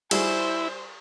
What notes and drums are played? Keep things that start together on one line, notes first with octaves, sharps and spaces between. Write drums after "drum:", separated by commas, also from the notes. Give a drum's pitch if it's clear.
G3 E4 F#4 G#4 C5, drum: cymbal